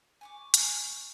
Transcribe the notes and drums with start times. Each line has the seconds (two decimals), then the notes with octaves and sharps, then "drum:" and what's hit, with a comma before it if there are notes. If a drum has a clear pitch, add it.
0.21 G#5 C#6 D6
0.54 drum: hi-hat